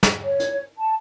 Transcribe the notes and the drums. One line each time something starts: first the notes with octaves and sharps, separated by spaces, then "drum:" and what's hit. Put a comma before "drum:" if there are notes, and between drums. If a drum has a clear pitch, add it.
drum: snare
C#5
drum: hi-hat
A5